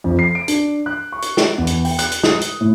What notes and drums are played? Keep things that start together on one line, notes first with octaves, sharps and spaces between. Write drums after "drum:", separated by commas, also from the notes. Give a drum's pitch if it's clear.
F2
C7
D7
D4, drum: hi-hat
F#6
C#6
drum: hi-hat
drum: snare
E2
drum: hi-hat
G5, drum: open hi-hat
F#6, drum: hi-hat
drum: hi-hat
D#6, drum: snare
drum: hi-hat
A2